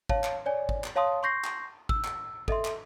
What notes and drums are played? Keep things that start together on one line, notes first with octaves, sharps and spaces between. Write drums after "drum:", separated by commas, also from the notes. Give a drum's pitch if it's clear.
C#5 F5 A5, drum: kick G#1
drum: clap
C#5 D5 G#5
drum: kick G#1
drum: clap
C#5 F5 A5 C6 D#6
C6 C#6 G6 A#6 C7
drum: clap
E6, drum: kick G#1
drum: clap
A4 D#5 E5 C6, drum: kick G#1
drum: clap